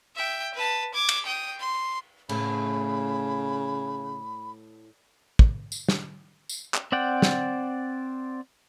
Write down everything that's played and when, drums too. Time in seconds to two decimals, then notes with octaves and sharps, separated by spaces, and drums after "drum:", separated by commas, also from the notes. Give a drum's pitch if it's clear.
0.16 E5 G5
0.55 B4 A5
0.94 D6 G#6
1.09 drum: cymbal
1.26 G5 D#6
1.60 C6
2.29 A2 C#3 B5, drum: cymbal
5.39 drum: kick
5.72 drum: tambourine
5.88 drum: snare
6.49 drum: tambourine
6.74 drum: clap
6.92 C4 D5 F#5 G5
7.22 drum: snare